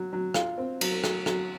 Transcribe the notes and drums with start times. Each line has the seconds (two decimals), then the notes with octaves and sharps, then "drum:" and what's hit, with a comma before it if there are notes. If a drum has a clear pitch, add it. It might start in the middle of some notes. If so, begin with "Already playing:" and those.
Already playing: F#3
0.13 F#3
0.34 F4, drum: rim click
0.58 C4
0.81 F#3, drum: cymbal
1.04 F#3, drum: rim click
1.26 F#3, drum: rim click